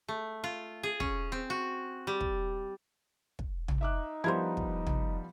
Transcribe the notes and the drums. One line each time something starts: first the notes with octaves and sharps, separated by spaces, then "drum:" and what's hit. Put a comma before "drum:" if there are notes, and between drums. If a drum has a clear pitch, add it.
A3
F4
G#4
C#4, drum: kick
C4
F#4
G3
drum: kick
drum: kick
drum: tom
D#4 E5 D6 F#6
F3 G3 B3 E4 A#4 C5
drum: kick
drum: tom